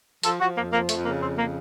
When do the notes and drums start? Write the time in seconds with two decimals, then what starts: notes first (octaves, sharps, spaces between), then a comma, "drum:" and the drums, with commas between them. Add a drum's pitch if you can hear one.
0.23 F3 A4, drum: hi-hat
0.40 F3 F#4
0.56 F2 A#3
0.73 F3 A#3
0.89 F2 A3, drum: hi-hat
1.05 C#3 A#3
1.22 F2 C4
1.38 C#3 A#3